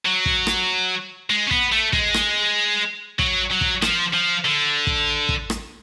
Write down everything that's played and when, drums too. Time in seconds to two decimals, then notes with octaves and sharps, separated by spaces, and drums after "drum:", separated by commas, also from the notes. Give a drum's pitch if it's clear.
0.05 F#3
0.26 drum: kick
0.47 drum: rim click
1.30 G#3
1.47 C#4
1.51 B3, drum: kick
1.72 A3
1.93 G#3, drum: kick
2.14 drum: rim click
3.19 F#3, drum: kick
3.51 F#3
3.61 drum: kick
3.82 F3, drum: rim click
4.14 F3
4.45 D3
4.87 drum: kick
5.29 drum: kick
5.50 drum: rim click